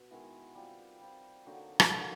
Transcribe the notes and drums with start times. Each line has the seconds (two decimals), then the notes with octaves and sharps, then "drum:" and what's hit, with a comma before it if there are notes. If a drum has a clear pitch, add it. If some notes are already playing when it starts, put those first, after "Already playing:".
Already playing: B2
0.11 D#3 G#3 B3 E4
0.55 G3 C4 F4
1.01 G3 C4 F4
1.46 D3 F#3 A#3 D#4
1.80 drum: rim click
1.91 D3 F#3 A#3 D#4